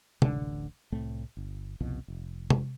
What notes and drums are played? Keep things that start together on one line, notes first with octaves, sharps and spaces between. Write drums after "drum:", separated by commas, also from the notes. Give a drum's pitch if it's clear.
D1 A1 D3, drum: tom
C2 A2 A3 C4
G1
F#1 C2 B2 F3
F1
drum: tom